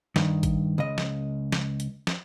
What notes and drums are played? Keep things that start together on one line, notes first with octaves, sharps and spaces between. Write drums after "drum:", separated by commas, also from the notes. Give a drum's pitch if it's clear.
G2 D#3, drum: snare
drum: kick, hi-hat
C#2 D#5
drum: snare
drum: snare
drum: hi-hat
drum: snare